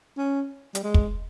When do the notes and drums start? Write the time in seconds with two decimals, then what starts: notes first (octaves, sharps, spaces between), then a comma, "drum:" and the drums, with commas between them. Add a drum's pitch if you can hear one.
0.17 C#4
0.75 G3, drum: hi-hat
0.84 G#3
0.94 drum: kick